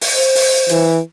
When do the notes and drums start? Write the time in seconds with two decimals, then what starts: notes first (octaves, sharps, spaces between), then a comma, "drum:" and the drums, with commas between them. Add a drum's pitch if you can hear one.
0.01 drum: open hi-hat
0.14 C5
0.35 drum: open hi-hat
0.69 E3, drum: hi-hat